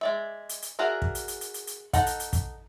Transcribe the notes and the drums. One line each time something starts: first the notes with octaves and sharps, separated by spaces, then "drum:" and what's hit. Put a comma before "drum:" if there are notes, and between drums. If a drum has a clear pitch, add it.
G#3 D5 E5
drum: hi-hat
drum: hi-hat
F#4 G#4 A#4 D5 E5
drum: kick
drum: hi-hat
drum: hi-hat
drum: hi-hat
drum: hi-hat
drum: hi-hat
D#4 A4 F#5, drum: kick, hi-hat
drum: hi-hat
drum: hi-hat
drum: kick, hi-hat